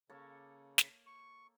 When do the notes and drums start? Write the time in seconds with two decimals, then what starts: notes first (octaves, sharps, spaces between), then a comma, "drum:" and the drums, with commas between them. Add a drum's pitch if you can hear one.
0.09 C#3 A#3 A4 C#5
0.78 drum: snare
1.06 C#6